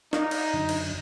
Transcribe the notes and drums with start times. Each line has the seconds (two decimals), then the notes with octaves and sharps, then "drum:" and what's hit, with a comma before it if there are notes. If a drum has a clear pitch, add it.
0.13 D#4 D5 F5, drum: snare
0.31 drum: cymbal
0.53 F#2 D3
0.69 drum: cymbal